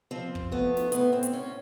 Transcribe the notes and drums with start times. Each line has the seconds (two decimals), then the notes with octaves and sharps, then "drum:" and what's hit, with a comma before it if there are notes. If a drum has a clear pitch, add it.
0.11 F3 C4
0.35 drum: kick
0.52 A3 B3
0.77 drum: snare
0.92 A2 B3, drum: hi-hat
1.13 C4
1.23 drum: hi-hat
1.33 A2 C#4